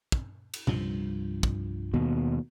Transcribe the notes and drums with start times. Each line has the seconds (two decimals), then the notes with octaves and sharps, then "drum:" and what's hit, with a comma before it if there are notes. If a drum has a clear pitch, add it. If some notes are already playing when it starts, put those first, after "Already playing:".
0.12 drum: kick
0.54 drum: cymbal
0.67 C2 G2 F3, drum: tom A#2
1.43 drum: kick
1.94 D#2 B2